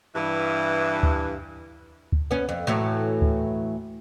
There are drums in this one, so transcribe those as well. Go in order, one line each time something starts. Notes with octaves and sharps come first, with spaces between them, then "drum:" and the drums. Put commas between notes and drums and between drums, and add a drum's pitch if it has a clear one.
G2 E3
drum: kick
drum: kick
B3 C#4
F2
A2 E3 F#3
drum: kick